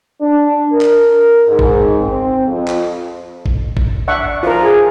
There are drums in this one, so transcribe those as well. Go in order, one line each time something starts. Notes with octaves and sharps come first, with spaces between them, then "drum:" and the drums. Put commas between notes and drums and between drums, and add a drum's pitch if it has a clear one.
D4
A#4
drum: clap
G#2
drum: kick G#1
C4
F2
drum: clap
drum: kick G#1
drum: kick G#1
D4 E5 F#5 C#6
F3 F4 A#4
G#4